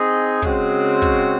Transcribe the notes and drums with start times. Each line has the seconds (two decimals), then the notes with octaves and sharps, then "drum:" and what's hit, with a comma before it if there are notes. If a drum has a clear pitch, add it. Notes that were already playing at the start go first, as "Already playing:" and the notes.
Already playing: C4 D#4 G#4 D#5
0.42 C#3 G#3 C4 F#4, drum: kick
1.02 drum: kick